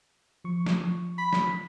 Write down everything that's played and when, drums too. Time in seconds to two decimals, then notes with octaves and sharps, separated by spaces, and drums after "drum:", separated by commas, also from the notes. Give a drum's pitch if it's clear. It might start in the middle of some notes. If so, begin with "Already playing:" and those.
0.44 F3 C#6
0.67 drum: snare
1.18 B5
1.33 drum: snare